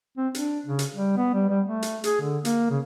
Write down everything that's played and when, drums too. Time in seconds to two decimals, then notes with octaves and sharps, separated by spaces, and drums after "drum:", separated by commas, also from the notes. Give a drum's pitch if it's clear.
0.18 C4
0.35 D4, drum: hi-hat
0.66 C#3
0.79 drum: hi-hat
0.95 G3
1.17 B3
1.34 G3
1.49 G3
1.66 A3
1.82 drum: hi-hat
2.04 G#4, drum: hi-hat
2.21 D3
2.45 A#3, drum: hi-hat
2.70 C#3